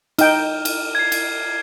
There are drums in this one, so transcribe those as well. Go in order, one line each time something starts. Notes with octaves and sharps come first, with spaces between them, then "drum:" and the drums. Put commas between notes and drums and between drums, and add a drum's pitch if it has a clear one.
D#4 G5 F6, drum: cymbal
drum: cymbal
G#6 C7
drum: cymbal